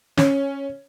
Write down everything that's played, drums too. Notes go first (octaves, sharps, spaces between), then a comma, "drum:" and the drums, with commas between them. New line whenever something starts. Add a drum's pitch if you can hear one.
C#4, drum: snare